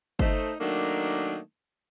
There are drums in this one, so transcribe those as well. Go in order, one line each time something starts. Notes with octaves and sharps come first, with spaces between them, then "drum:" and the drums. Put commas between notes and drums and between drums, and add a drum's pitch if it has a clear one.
A3 D#4 C5, drum: kick G1
D#3 F#3 A3 A#3 D4 D#4